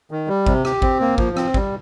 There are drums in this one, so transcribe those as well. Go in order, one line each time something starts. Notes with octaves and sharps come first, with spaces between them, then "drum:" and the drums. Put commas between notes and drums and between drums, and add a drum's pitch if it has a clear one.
D#3
G3
C3, drum: kick G#1
G4, drum: rim click
C4, drum: kick G#1
A#3
F3, drum: kick G#1
C4, drum: rim click
G3, drum: kick G#1